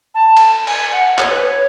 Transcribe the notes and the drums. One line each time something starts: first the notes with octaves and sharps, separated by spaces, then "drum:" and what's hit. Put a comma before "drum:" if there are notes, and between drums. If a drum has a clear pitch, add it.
A5
drum: cymbal
G#5, drum: cymbal
F#5
C#5, drum: clap
B4
C#5